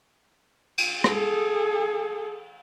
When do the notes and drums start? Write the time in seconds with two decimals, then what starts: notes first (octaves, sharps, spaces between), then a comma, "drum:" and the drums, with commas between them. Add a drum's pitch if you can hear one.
0.78 drum: cymbal
1.04 G#4 A4, drum: rim click